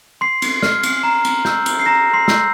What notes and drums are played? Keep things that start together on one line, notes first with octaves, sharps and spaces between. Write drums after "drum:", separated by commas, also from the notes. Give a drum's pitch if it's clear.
C6 C7
drum: cymbal
F6, drum: snare
drum: cymbal
A#5
drum: cymbal
E6 G6, drum: snare
drum: cymbal
C7
A#5 A#6
C6 C7
E6 G6, drum: snare